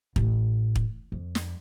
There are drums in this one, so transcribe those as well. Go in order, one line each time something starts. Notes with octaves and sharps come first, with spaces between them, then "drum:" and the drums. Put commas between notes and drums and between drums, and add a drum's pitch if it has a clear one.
A1, drum: kick
drum: kick
F2
drum: snare